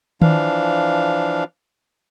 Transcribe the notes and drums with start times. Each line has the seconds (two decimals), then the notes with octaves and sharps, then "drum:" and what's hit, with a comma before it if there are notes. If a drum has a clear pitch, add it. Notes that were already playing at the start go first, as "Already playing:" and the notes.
0.22 E3 F3 D4 F5, drum: tom D#3